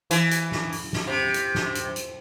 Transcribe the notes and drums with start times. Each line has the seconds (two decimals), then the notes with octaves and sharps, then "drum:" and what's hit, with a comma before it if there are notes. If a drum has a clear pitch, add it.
0.11 E3, drum: hi-hat
0.31 drum: hi-hat
0.52 drum: snare
0.72 drum: open hi-hat
0.93 drum: snare
1.08 C3
1.34 drum: hi-hat
1.55 drum: snare
1.75 drum: hi-hat
1.96 drum: hi-hat